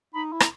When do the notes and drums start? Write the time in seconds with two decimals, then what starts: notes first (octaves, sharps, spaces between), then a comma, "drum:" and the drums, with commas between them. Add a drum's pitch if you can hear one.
0.14 D#4 B5
0.32 E4
0.40 A#5, drum: rim click